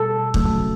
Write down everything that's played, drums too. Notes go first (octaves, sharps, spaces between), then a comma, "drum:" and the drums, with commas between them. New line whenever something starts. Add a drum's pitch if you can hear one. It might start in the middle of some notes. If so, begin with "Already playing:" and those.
Already playing: B2 G3 A4
C#3 F#3 A3, drum: kick